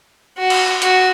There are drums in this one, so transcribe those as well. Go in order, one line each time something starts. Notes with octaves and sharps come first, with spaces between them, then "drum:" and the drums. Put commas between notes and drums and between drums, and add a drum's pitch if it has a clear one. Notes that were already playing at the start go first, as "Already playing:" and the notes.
F#4
drum: cymbal
F#4, drum: hi-hat